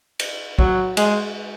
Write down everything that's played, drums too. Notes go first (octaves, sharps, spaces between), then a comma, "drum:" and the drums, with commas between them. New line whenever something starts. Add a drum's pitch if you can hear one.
drum: cymbal
F#3, drum: kick
G#3, drum: cymbal